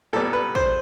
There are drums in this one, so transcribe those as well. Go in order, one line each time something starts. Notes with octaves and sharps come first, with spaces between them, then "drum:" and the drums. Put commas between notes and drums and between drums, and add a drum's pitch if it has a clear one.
A#2 G3 B3 A4
B4
C5, drum: kick